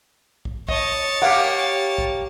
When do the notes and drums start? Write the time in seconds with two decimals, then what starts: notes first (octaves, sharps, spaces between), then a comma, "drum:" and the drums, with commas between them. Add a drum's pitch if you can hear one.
0.45 drum: kick
0.68 C#5 D#5 A5, drum: kick
1.22 A#3 G4 F5 F#5
1.98 drum: kick